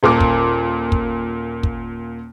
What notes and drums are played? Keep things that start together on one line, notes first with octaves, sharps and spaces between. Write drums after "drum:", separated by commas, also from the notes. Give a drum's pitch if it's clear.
D#1 A#2 A#3 D6
drum: kick
drum: kick
drum: kick